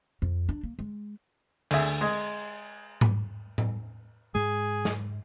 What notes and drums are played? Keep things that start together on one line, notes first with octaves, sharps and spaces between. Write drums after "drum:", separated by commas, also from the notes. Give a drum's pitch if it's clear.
F2
D4
A#3
G#3
D2 G#4 E5, drum: cymbal
G#3 G#4
drum: tom G#2
drum: tom A2
G#2 G#3 G#4
drum: snare